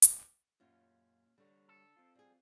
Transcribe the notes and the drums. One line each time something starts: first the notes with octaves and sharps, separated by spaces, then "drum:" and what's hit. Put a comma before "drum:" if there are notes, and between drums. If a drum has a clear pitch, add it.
drum: hi-hat
F#2 A#2 C#4 F4
D3 G3 C#5
A4
C4 F4
G3 G#4